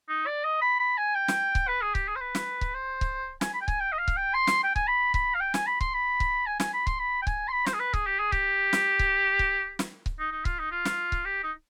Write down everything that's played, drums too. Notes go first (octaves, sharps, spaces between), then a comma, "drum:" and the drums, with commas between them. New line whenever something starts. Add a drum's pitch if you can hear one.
D#4
D5
D#5
B5
B5
G#5
G5
drum: snare
drum: kick C#1
B4
G#4
G4, drum: kick C#1
G#4
C5
B4
drum: snare
drum: kick C#1
C5
drum: kick C#1
G#5, drum: snare
B5
G5
G#5, drum: kick C#1
G5
D#5
F5
drum: kick C#1
G5
C6
drum: snare
G5
G#5, drum: kick C#1
B5
B5, drum: kick C#1
F5
G5
G#5, drum: snare
B5
C6, drum: kick C#1
B5
drum: kick C#1
G#5
G#5, drum: snare
B5
C6, drum: kick C#1
B5
G5
G#5, drum: kick C#1
C6
B5
C5, drum: snare
G#4
B4
G#4, drum: kick C#1
G4
G#4
G4, drum: kick C#1
drum: snare
drum: kick C#1
drum: kick C#1
drum: snare
drum: kick C#1
D#4
D#4
F4, drum: kick C#1
D#4
F4
drum: snare
drum: kick C#1
G4
D#4